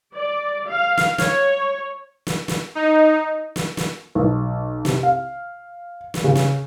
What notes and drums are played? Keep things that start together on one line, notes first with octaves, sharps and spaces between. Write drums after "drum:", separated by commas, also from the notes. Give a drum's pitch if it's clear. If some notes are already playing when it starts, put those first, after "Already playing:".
D5
F5
drum: snare
C#5, drum: snare
drum: snare
drum: snare
D#4
drum: snare
drum: snare
B1
C3, drum: snare
F5
drum: snare
C#3
drum: snare